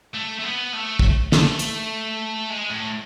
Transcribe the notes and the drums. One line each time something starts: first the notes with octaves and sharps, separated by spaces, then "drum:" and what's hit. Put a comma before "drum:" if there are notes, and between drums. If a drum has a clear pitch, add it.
A3
A3
B3
A3
drum: kick
A3, drum: snare
drum: hi-hat
G#3
A2